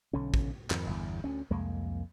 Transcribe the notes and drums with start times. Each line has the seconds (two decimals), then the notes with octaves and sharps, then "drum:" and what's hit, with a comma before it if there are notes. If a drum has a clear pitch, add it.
0.13 B1 D3 C#4
0.34 drum: kick
0.70 F2 G#2 D#3, drum: clap
0.87 G1 E2
1.24 D2 C#4
1.50 C2 F2 G#3 A#3